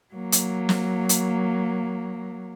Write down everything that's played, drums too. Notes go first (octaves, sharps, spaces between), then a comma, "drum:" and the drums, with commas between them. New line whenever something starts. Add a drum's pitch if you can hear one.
F#3 A#3
drum: hi-hat
drum: snare
drum: hi-hat